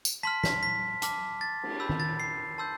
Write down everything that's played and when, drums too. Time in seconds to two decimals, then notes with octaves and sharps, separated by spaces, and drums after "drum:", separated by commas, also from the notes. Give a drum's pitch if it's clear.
0.05 drum: tambourine
0.23 A5 C6 F6 B6
0.44 B6, drum: snare
0.63 B6
1.02 A5 D6 F6, drum: hi-hat
1.41 A6
1.63 drum: cymbal
1.80 B5 E6 G6
1.89 drum: tom D#3
2.00 A6
2.20 C7
2.58 A5 C6 E6 G6